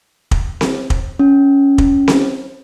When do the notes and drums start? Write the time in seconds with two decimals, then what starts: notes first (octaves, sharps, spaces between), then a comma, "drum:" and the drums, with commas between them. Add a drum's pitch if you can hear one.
0.31 drum: kick
0.61 drum: snare C4
0.90 drum: kick
1.19 C#4
1.78 drum: kick
2.08 drum: snare C4